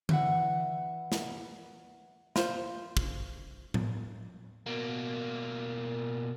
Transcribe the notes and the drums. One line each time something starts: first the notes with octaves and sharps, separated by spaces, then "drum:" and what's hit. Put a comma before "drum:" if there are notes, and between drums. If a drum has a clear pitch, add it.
E3 E5 F#5, drum: tom D3
drum: snare
F4 C5, drum: snare
drum: kick
drum: tom A2
B2 A#3